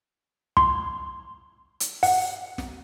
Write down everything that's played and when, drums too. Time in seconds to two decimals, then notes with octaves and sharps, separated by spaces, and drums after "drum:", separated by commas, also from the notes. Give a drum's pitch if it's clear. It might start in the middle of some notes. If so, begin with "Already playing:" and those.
0.57 C6, drum: kick
1.80 drum: hi-hat
2.03 F#5, drum: open hi-hat
2.58 drum: snare